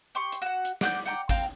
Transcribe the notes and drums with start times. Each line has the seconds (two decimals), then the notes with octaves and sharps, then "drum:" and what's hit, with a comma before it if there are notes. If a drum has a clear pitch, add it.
0.15 G4 C6 C#6
0.32 drum: hi-hat
0.42 F#4 F#5
0.65 drum: hi-hat
0.81 D5 F#5 D6 G6, drum: snare
1.05 F#5 G5 A#5 D6
1.29 C4 F5 G5 A#5, drum: kick G#1, hi-hat